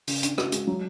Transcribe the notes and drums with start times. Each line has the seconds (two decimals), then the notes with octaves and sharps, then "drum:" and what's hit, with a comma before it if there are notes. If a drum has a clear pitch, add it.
0.07 C#3, drum: open hi-hat
0.23 D4, drum: hi-hat
0.38 F#4, drum: rim click
0.52 G#3, drum: hi-hat
0.67 F#3